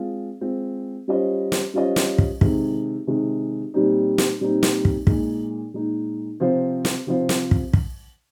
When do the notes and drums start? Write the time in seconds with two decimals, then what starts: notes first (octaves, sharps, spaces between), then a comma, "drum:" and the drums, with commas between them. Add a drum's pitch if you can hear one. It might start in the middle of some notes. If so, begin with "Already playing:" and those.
Already playing: G#3 C4 F4
0.41 G#3 C4 F4
1.08 G3 C#4 F4 C5 D#5
1.52 drum: snare
1.74 G3 C#4 F4 C5 D#5
1.96 drum: snare
2.18 drum: kick
2.41 C3 D#3 G#3, drum: kick
3.07 C3 D#3 G#3
3.74 A#2 G3 C4 D#4
4.18 drum: snare
4.41 A#2 G3 C4 D#4
4.63 drum: snare
4.85 drum: kick
5.07 A#2 G#3 D#4, drum: kick
5.74 A#2 G#3 D#4
6.40 C3 F3 C4 F4 C5
6.85 drum: snare
7.07 C3 F3 C4 F4 C5
7.29 drum: snare
7.51 drum: kick
7.73 drum: kick